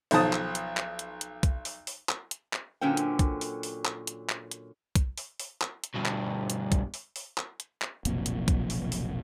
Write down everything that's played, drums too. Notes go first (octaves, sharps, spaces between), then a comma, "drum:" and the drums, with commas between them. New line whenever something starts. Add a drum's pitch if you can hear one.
B1 D#3 F3 A5 D#6, drum: open hi-hat
drum: clap
drum: hi-hat
drum: clap
drum: hi-hat
drum: hi-hat
drum: kick B1, hi-hat
drum: open hi-hat
drum: open hi-hat
drum: clap
drum: hi-hat
drum: clap
A#2 D3 F#3 C#4 C5 G5
drum: hi-hat
drum: kick B1, hi-hat
drum: open hi-hat
drum: open hi-hat
drum: clap
drum: hi-hat
drum: clap
drum: hi-hat
drum: kick B1, hi-hat
drum: open hi-hat
drum: open hi-hat
drum: clap
drum: hi-hat
G2 B2
drum: clap
drum: hi-hat
drum: kick B1, hi-hat
drum: open hi-hat
drum: open hi-hat
drum: clap
drum: hi-hat
drum: clap
F1 B1 F2 A#2, drum: hi-hat
drum: hi-hat
drum: kick B1, hi-hat
drum: open hi-hat
drum: open hi-hat